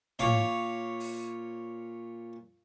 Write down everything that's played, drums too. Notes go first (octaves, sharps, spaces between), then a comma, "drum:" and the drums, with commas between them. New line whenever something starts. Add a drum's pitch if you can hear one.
A#2 C#5 F5 D6, drum: tom
drum: open hi-hat